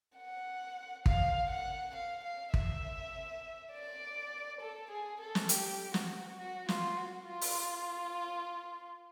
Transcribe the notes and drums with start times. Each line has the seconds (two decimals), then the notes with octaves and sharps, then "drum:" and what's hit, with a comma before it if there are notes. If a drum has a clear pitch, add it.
0.17 F#5
1.06 F5, drum: kick
1.49 F#5
1.95 F5
2.23 F5
2.54 E5, drum: kick
3.72 D5
4.60 A4
4.90 G#4
5.20 A4
5.35 drum: snare
5.49 G4, drum: hi-hat
5.94 F#4, drum: snare
6.38 F#4
6.69 F4, drum: snare
6.97 F#4
7.27 F4
7.41 drum: open hi-hat